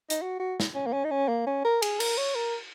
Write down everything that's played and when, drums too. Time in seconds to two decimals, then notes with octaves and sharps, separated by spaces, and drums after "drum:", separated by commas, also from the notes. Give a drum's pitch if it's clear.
0.10 D#4, drum: hi-hat
0.22 F#4
0.40 F#4
0.60 drum: snare
0.75 C#4
0.87 A#3
0.93 C#4
1.05 D#4
1.11 C#4
1.29 A#3
1.47 C#4
1.65 A#4
1.82 G#4, drum: cymbal
2.00 A#4, drum: cymbal
2.18 C#5
2.35 A#4